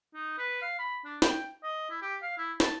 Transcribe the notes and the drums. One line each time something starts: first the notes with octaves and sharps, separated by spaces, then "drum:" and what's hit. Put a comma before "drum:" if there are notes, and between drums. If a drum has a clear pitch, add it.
D#4
B4
F5
B5
D4
G5, drum: snare
D#5
E4
G4
F5
E4
A5, drum: snare